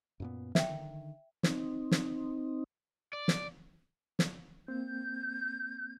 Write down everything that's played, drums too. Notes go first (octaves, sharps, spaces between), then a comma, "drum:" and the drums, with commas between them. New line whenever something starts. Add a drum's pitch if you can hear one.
F#2 A#2 B3
D3 D#3 E5 G5, drum: snare
C4 D#4, drum: snare
drum: snare
D5
drum: snare
drum: snare
A#3 C4 G6